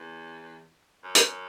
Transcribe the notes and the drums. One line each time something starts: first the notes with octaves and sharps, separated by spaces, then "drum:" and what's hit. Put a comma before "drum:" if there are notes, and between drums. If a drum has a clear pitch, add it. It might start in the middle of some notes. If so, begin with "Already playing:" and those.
Already playing: E2
F#2
drum: hi-hat